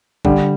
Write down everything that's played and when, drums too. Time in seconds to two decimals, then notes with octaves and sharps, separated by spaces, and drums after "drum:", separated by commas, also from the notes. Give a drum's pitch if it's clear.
0.25 D3 G3, drum: kick